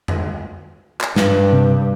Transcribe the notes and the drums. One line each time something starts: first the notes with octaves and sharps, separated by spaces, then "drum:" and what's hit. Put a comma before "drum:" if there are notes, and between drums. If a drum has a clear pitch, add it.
drum: tom F2
drum: clap
G2 G3, drum: snare
C3